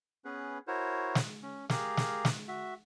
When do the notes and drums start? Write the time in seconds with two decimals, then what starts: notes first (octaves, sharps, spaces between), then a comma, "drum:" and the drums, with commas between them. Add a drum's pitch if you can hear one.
0.25 B3 C#4 G#4 B4
0.67 E4 F#4 A#4 C5 C#5
1.15 drum: snare
1.43 C#4
1.70 G4 G#4 A#4 F5, drum: snare
1.97 drum: snare
2.25 drum: snare
2.48 F#4 E5